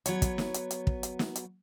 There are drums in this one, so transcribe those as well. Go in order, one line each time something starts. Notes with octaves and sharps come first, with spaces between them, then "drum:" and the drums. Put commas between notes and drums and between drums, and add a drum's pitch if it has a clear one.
F#3 B3 C#5, drum: hi-hat
drum: kick, hi-hat
drum: snare
drum: hi-hat
drum: hi-hat
drum: kick
drum: hi-hat
drum: snare
drum: hi-hat